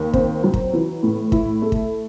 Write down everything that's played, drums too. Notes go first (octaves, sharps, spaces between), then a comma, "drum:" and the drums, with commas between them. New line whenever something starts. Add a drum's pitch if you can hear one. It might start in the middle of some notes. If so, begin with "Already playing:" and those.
Already playing: D#2
C4, drum: kick
F#3
drum: kick
E3
A2
E4, drum: kick
A3
drum: kick